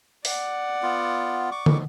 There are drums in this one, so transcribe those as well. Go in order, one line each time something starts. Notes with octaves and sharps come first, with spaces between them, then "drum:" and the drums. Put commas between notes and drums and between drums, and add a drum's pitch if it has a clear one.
D5 F#5, drum: open hi-hat
B3 F4
C#6 D6
drum: tom